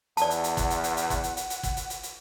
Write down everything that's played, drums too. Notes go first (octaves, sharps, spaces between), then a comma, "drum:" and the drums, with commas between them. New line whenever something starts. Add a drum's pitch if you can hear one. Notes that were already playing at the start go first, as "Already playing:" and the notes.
E2 D5 F#5 A5, drum: hi-hat
drum: hi-hat
drum: hi-hat
drum: kick, hi-hat
drum: hi-hat
drum: hi-hat
drum: hi-hat
drum: kick, hi-hat
drum: hi-hat
drum: hi-hat
drum: hi-hat
drum: kick, hi-hat
drum: hi-hat
drum: hi-hat
drum: hi-hat